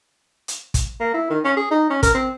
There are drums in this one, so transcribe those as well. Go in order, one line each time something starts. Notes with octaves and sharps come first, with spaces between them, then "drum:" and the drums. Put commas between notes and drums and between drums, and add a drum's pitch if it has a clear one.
drum: hi-hat
drum: kick, hi-hat
A#3
E4
D#3
C#4
G#4
D#4
C#4
A#4, drum: kick, hi-hat
C4